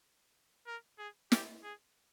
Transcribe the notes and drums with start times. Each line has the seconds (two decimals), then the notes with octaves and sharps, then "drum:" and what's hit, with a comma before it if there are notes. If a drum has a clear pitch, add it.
0.67 A#4
0.98 G#4
1.32 G4, drum: snare
1.64 G#4